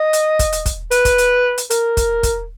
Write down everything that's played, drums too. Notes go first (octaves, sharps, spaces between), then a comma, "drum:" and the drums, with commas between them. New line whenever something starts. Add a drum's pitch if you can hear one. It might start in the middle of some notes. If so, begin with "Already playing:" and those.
Already playing: D#5
drum: hi-hat
drum: kick, hi-hat
drum: hi-hat
drum: kick, hi-hat
B4, drum: hi-hat
drum: kick, hi-hat
drum: hi-hat
drum: hi-hat
A#4, drum: hi-hat
drum: kick, hi-hat
drum: kick, hi-hat